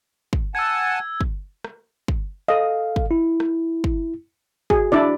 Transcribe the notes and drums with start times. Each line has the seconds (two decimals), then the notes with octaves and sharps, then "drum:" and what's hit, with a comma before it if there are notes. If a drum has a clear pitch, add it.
0.33 drum: kick
0.55 F#5 G#5 A5 E6 G#6
1.21 drum: kick
1.64 drum: rim click
2.08 drum: kick
2.48 A4 D#5 F5
2.96 drum: kick
3.11 E4
3.40 drum: rim click
3.84 drum: kick
4.70 F#4 G#4, drum: kick
4.92 D4 E4 D5